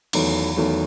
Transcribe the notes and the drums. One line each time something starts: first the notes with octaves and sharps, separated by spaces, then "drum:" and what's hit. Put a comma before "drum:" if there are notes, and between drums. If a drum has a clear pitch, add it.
E2 D#3 F#3 A3, drum: cymbal
E2 D#3 F#3 A3